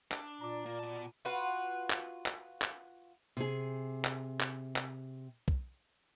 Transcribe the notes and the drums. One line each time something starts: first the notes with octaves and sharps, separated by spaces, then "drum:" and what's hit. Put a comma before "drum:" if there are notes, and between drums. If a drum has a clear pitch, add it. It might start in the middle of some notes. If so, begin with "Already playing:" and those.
D4, drum: clap
A#2 D5 A#5 D6
A#2 A#3
B2 A5
F4 F#4 B4
drum: clap
drum: clap
drum: clap
C3 G#4
drum: clap
drum: clap
drum: clap
drum: kick